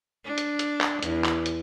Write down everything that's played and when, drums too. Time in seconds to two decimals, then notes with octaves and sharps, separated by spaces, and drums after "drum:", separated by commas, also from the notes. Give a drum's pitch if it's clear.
0.25 D4
0.38 drum: hi-hat
0.59 drum: hi-hat
0.81 drum: clap
1.03 E2, drum: hi-hat
1.24 drum: clap
1.46 drum: hi-hat